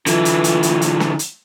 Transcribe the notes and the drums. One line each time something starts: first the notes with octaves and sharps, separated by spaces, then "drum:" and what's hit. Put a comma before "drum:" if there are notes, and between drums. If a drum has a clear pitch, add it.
D3 E3 F4, drum: hi-hat
drum: hi-hat
drum: hi-hat
drum: hi-hat
drum: hi-hat
drum: snare
drum: hi-hat